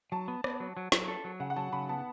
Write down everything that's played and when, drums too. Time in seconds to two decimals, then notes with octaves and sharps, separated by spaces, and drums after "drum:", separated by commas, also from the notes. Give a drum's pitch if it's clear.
0.12 F#3 A5
0.28 B3
0.44 B3, drum: rim click
0.60 F#3
0.77 F#3
0.92 F#3, drum: snare
1.08 A4
1.24 F#3
1.40 C#3 F#5
1.50 F#5
1.56 F#3 A5
1.73 C#3 B5
1.89 B3 A5